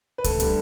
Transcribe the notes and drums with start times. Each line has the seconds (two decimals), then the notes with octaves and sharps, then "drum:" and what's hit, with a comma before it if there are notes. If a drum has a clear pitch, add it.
0.18 B4
0.24 D2 A4, drum: kick C#2, hi-hat
0.40 D3 G3, drum: hi-hat